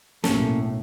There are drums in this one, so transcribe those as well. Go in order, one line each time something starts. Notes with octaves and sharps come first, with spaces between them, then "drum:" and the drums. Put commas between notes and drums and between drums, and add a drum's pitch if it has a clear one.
B1 A2 A#3 C#4 A4, drum: snare